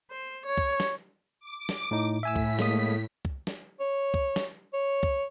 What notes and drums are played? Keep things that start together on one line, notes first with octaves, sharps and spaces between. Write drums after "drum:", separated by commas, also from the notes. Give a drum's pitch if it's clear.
C5
C#5
drum: kick
drum: snare
D6
drum: snare
A2 D#4
A2 E5 G#5 E6 B6
drum: kick
G#3 A#3 D#6, drum: snare
drum: kick
drum: snare
C#5
drum: kick
drum: snare
C#5
drum: kick